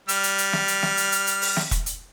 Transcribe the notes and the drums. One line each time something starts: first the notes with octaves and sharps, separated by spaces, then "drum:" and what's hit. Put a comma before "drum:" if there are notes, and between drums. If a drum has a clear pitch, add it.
G3 F6, drum: hi-hat
drum: hi-hat
drum: hi-hat
drum: snare
drum: hi-hat
drum: snare
drum: hi-hat
drum: hi-hat
drum: hi-hat
drum: open hi-hat
drum: snare
drum: kick E1, hi-hat
drum: hi-hat